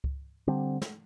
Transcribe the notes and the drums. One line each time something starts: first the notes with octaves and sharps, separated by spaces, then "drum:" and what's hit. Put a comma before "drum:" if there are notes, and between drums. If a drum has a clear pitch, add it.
drum: kick C#2
D3 G3 C4
drum: snare